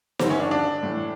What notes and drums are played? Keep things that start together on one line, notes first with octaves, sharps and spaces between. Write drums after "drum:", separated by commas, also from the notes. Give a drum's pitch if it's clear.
G2 D3 C4, drum: snare
C#4
D4
D4
A2 E3